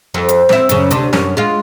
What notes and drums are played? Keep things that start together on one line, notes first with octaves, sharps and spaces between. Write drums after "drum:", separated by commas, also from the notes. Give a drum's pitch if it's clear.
F2
drum: hi-hat
C4 E4, drum: snare
F#2 C#3, drum: hi-hat
D2 C3 D4, drum: hi-hat
F#2 C#4, drum: snare
G#3 F4